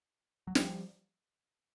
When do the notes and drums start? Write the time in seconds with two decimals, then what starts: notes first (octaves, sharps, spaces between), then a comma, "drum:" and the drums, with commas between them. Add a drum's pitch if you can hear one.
0.47 F#3
0.55 F3 G3, drum: snare